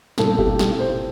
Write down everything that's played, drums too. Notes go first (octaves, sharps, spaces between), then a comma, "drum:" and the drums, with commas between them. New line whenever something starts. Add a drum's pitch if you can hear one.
B1 A#2 G3 C4 E4 A4, drum: snare
G4, drum: kick G1
G4, drum: snare
C5